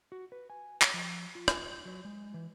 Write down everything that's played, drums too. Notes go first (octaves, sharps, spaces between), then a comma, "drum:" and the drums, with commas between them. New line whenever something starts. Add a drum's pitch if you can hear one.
F#4
B4
G#5
C#5, drum: clap
F3
F4
drum: rim click
F#3
G#3
E3